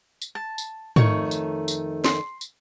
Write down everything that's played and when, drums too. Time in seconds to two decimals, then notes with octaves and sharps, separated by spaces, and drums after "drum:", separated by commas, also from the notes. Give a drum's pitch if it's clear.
0.22 drum: tambourine
0.35 A5
0.58 drum: tambourine
0.96 F2 D#3 A3 C#5 C#6, drum: tom G#2
1.31 drum: tambourine
1.68 drum: tambourine
2.04 C6, drum: snare
2.41 drum: tambourine